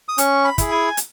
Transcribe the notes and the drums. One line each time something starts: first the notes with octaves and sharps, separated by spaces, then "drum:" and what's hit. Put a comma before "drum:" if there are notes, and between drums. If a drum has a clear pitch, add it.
D#6
C#4 C#6, drum: hi-hat
B5
E4 G#4, drum: kick, hi-hat
G#5
drum: hi-hat